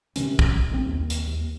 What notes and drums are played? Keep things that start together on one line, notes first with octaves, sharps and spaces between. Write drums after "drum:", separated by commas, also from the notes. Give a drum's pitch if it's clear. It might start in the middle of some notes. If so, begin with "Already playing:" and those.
C3 D#3 F3 C#4, drum: hi-hat
C2, drum: kick
G1 D3 C4
D#2
drum: hi-hat
D#2